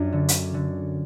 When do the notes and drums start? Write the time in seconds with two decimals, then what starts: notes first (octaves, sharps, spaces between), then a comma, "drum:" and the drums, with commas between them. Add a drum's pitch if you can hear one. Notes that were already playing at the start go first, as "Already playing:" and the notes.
Already playing: F#2 D4 F4
0.13 D3
0.29 drum: hi-hat
0.54 D3